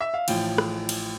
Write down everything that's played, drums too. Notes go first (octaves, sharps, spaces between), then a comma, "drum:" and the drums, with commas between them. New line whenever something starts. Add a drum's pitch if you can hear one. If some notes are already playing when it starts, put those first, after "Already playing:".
E5
F5
A1 A2 F3 G5, drum: cymbal
drum: rim click
drum: cymbal